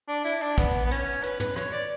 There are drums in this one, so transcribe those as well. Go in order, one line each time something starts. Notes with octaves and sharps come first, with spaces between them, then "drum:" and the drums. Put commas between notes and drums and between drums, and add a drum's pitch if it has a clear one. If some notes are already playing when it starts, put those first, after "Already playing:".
D4
E4
D4
B3, drum: kick, hi-hat
B3
C#4, drum: hi-hat
B4, drum: hi-hat
B4, drum: tom
C#5, drum: rim click
D5